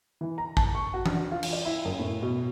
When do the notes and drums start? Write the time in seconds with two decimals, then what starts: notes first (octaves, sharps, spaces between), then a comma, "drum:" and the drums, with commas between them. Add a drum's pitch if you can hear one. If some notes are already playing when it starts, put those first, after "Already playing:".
0.21 E3
0.38 A#5
0.57 A5, drum: kick A1
0.75 C#6
0.94 F#4
1.06 D4, drum: tom E3
1.32 F4
1.43 drum: cymbal
1.53 D5
1.65 E4
1.85 F#1
1.99 A2
2.22 B2